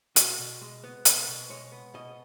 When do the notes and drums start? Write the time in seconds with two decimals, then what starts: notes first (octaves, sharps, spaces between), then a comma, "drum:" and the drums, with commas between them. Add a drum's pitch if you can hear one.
0.16 B2 F#4, drum: hi-hat
0.39 B2
0.61 G#3
0.84 B3
1.05 B2 B4, drum: hi-hat
1.28 B2
1.50 G#3 C#5
1.72 B3
1.94 B2 D#5